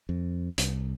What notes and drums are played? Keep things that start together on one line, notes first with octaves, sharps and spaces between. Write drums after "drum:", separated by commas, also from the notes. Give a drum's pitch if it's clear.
F2
C2, drum: hi-hat